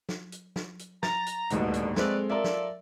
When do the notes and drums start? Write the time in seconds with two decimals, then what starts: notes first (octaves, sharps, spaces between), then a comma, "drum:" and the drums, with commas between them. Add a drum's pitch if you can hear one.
0.09 drum: snare
0.32 drum: hi-hat
0.56 drum: snare
0.79 drum: hi-hat
1.03 A#5 A6, drum: snare
1.26 drum: hi-hat
1.50 D#1 D2 G#2 B2 D3, drum: hi-hat
1.74 drum: hi-hat
1.96 G#3 A3 C4 A4 B4 D5, drum: snare
2.29 F4 A4 A#4 D5 E5
2.44 drum: snare